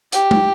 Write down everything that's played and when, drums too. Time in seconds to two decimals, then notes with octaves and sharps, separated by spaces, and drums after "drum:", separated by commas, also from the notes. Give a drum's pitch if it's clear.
0.12 G4, drum: hi-hat
0.31 drum: tom G#3